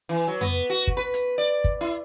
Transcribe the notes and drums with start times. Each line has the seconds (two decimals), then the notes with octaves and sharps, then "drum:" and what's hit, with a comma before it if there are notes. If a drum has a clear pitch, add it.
0.09 E3
0.28 F#3
0.41 B3, drum: tom F2
0.70 F#4
0.87 drum: kick
0.97 B4
1.14 drum: hi-hat
1.38 D5
1.64 drum: kick
1.81 E4